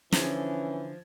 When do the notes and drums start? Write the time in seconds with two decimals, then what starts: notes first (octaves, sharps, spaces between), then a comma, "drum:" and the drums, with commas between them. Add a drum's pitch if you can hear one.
0.12 D3 E3 F3 C#4 G#6, drum: snare